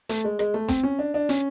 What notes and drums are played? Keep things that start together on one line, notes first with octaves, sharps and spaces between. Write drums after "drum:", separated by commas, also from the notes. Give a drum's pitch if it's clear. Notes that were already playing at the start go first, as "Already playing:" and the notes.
A3, drum: hi-hat
G#3
G#3, drum: rim click
A3
C4, drum: kick, hi-hat
C#4
D4
D4
C#4, drum: hi-hat